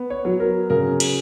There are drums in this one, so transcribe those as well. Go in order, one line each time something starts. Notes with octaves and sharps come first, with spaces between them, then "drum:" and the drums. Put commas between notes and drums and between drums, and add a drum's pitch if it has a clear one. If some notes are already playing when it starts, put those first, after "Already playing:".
Already playing: B3
C#5
F#3
A#4
C#3 A#4
drum: cymbal